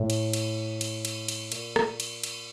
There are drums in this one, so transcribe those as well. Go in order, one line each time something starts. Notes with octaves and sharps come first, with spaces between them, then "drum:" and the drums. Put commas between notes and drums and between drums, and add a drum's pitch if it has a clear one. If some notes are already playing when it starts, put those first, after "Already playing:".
Already playing: A2
drum: cymbal
drum: cymbal
drum: cymbal
drum: cymbal
drum: cymbal
A#2, drum: cymbal
drum: rim click
drum: cymbal
drum: cymbal